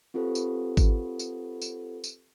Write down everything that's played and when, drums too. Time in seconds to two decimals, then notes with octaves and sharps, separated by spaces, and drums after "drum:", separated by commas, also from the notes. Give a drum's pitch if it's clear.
0.14 C4 F4 G4 A4 B4 C5
0.35 drum: tambourine
0.77 drum: kick G#1, tambourine
1.19 drum: tambourine
1.62 drum: tambourine
2.04 drum: tambourine